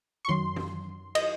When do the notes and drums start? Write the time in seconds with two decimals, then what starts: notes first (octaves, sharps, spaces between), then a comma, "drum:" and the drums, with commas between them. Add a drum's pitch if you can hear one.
0.25 C#6
0.28 F#2 D#3 F#3 C6
0.56 drum: tom
1.15 D#5, drum: cymbal